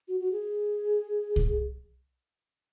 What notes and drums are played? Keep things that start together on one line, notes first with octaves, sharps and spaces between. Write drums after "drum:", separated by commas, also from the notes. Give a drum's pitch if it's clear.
F#4
F#4
G#4
drum: kick C2